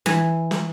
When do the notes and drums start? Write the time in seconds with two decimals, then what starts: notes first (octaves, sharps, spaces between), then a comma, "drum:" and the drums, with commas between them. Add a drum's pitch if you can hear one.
0.06 E3, drum: snare
0.51 drum: snare